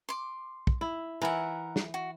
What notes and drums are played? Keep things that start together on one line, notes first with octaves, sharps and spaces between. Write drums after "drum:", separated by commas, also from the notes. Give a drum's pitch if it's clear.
C6 D6
drum: kick
E4
E3 E4 A#4 F#5
drum: snare
F#4